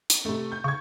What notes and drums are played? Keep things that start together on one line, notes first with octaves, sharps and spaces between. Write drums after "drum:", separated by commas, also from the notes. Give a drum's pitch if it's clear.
drum: hi-hat
C3 A3
G6
C#3 C#6 G#6